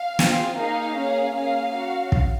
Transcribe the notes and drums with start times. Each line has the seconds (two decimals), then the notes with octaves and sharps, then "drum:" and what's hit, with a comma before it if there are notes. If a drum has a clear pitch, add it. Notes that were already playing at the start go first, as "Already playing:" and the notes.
Already playing: F5
0.19 C4 F4 G#4, drum: snare
0.57 A#3 D#4 G#4 F5
0.96 A#3 C#4 G#4
1.35 A#3 C#4 G#4 F5
1.73 C#4 F#4
2.12 drum: kick